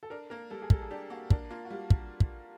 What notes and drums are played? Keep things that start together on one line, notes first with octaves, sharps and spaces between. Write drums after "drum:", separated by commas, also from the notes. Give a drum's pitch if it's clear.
A4
D4 A#4
A#3 A#4
G3 A4
G#4
G3 A4, drum: kick
G#4
D4 G4
A#3 F#4
D4 A#4, drum: kick
A#3 F4
F#4
G3 F4
drum: kick
drum: kick